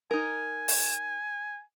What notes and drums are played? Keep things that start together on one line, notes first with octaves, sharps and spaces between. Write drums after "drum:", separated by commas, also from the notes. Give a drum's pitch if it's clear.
D#4 A#4 G#5
drum: open hi-hat